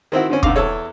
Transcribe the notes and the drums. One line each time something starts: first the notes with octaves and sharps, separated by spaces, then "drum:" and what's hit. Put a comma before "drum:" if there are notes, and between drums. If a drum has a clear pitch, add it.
D#3 C4 E4 F#4
D3 C4 C#4
B1 D3 F5 D6, drum: kick
E2 A4 C#5